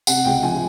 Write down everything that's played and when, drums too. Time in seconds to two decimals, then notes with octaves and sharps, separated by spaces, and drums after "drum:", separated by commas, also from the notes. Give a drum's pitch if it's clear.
0.07 C3 F#5, drum: tambourine
0.25 C#2 G5
0.43 F3 G#5